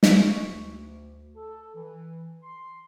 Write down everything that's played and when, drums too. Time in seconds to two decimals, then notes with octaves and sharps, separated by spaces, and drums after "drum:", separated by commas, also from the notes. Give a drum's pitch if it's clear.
0.03 drum: snare
0.22 C#6
0.44 D2
1.35 A4
1.75 E3
2.43 C6